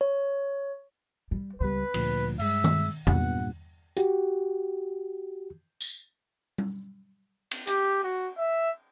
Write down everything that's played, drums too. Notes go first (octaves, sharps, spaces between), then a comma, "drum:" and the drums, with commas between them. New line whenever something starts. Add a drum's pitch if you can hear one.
C#5
G3
C#2 G3 B3 B4
D2 A#2 F3, drum: cymbal
G2 G#3 E5, drum: open hi-hat
drum: tom D#3
G2 A#2 B3 F#5, drum: tom E2
F#4 G4, drum: hi-hat
drum: tambourine
drum: tom G3
drum: cymbal
G4, drum: hi-hat
F#4
E5